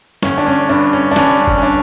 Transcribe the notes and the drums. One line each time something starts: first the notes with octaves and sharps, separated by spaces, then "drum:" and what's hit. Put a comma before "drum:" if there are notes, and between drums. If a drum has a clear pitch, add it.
G1 C#4, drum: snare
D4
C#4
G2 D4
C#4
D4
G2 C#4, drum: snare
drum: kick F#1
C#4
D4